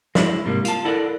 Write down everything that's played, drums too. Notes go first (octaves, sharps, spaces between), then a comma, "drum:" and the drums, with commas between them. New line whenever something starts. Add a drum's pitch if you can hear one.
G#3 E4, drum: snare
G#2 C3 G3 A#3
F4 A5, drum: hi-hat
E4 A4 A#4 D5 F#5